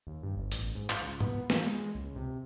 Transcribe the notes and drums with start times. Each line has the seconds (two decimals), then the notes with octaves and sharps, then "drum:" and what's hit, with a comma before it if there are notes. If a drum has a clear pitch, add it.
0.07 D#2
0.23 G2
0.36 G1
0.52 A1, drum: hi-hat
0.75 G#2
0.90 F4, drum: clap
1.02 C#2
1.20 B3, drum: tom
1.50 E3, drum: snare A#3
1.66 G#3
1.95 C#2
2.16 C3